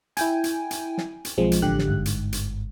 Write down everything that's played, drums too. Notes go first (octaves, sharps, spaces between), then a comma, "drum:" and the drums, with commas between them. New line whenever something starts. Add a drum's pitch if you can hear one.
E4 G5 G#5, drum: hi-hat
drum: hi-hat
drum: hi-hat
drum: snare
drum: hi-hat
B1 F3 G#3 C4
drum: hi-hat
A1 D3 G4 F#6
drum: snare
G1 G#2
drum: hi-hat
drum: hi-hat